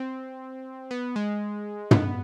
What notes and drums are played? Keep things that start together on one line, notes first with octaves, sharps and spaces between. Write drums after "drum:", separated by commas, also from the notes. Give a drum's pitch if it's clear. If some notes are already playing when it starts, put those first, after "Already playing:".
Already playing: C4
B3
G#3
B3, drum: tom